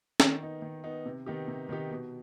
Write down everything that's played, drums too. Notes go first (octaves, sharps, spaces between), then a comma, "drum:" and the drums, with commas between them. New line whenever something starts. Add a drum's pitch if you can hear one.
D#3, drum: snare C#4
B3 D#4
D#3
B3 D#4
C3
D#3 B3 D#4 G4
C3
D#3 B3 D#4 G4
B2